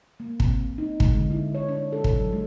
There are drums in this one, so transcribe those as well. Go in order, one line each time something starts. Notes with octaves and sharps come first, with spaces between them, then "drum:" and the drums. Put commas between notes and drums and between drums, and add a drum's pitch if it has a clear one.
A#3
C4, drum: kick
D#4
G#3, drum: kick
D3
E4
C#5
D4
A4
drum: kick
F#3
G#3